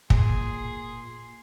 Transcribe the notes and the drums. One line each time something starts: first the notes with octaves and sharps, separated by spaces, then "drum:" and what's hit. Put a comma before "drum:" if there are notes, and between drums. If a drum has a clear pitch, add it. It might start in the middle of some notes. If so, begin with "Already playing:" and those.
A#2 G#4 C6, drum: kick